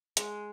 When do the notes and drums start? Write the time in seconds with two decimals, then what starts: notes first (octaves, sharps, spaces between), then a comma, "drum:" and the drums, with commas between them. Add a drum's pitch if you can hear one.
0.17 G#3, drum: hi-hat